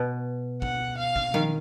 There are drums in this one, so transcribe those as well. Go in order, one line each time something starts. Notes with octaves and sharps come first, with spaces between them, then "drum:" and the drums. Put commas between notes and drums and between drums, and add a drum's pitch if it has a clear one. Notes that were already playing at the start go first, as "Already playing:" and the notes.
Already playing: B2
F#5, drum: kick
F5
drum: kick
D#3, drum: tom F3